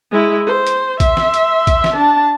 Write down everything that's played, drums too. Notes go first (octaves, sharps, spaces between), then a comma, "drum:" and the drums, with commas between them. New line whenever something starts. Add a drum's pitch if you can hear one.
G#3 E4
C5
drum: hi-hat
E5 C6, drum: kick A#1, hi-hat
drum: snare
drum: hi-hat
drum: kick A#1, hi-hat
drum: snare
D4 A5